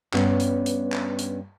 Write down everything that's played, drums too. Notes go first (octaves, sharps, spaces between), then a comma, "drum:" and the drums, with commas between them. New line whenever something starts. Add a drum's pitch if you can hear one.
G2 B3 C#4, drum: clap
drum: hi-hat
drum: hi-hat
drum: clap
drum: hi-hat